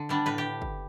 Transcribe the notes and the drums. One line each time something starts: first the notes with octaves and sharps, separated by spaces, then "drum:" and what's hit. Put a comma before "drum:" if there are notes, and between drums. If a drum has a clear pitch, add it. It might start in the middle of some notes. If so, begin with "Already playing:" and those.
Already playing: D3
G3 B3 D4
A2 B4
G4
drum: kick